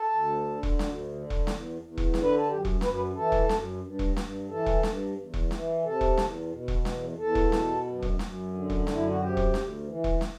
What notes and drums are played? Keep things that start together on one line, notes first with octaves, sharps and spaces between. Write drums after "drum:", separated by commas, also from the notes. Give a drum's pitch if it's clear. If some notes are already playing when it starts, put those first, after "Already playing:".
Already playing: A4
D2
D3
drum: kick E1
D2, drum: snare
D3
drum: kick E1
E2, drum: snare
E2
drum: kick E1
D3, drum: snare
B4
A4
F#2 G4
drum: kick E1
F#2 B4, drum: snare
B4
E3 A4
drum: kick E1
F#2, drum: snare
G2
drum: kick E1
G2, drum: snare
E3 A4
drum: kick E1
G2, drum: snare
E2
drum: kick E1
E3, drum: snare
C3 A4
drum: kick E1
E2, drum: snare
B2
drum: kick E1
E2, drum: snare
E2 A4
drum: kick E1
B2, drum: snare
F#2
drum: kick E1
F#2, drum: snare
D3
drum: kick E1
F#2, drum: snare
E4
F#4
C3 G4
drum: kick E1
D2, drum: snare
E3
drum: kick E1
drum: snare